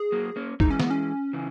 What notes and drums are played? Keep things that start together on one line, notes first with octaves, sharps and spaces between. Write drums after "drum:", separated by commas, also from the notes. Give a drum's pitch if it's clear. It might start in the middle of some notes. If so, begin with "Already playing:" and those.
Already playing: G#4
F#3 A#3
A#3 C#4
E3 G#3 D#4, drum: kick F#1
C#4
B3, drum: snare
C#4
C#3 E3